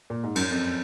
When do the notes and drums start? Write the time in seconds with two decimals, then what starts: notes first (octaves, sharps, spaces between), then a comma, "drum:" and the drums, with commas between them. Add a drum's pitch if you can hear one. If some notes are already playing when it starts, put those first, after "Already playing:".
0.10 A#2
0.24 G#2
0.35 F#2, drum: cymbal
0.51 F2